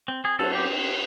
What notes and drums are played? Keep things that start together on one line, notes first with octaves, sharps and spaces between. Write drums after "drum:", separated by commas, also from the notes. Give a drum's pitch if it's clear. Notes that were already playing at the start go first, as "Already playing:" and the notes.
C4
C4 G#4
F#3 A4, drum: cymbal
C4 G4